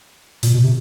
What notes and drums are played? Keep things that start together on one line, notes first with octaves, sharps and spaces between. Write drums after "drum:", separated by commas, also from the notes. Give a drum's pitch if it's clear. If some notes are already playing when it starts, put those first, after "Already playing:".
A#2, drum: hi-hat
B2
C3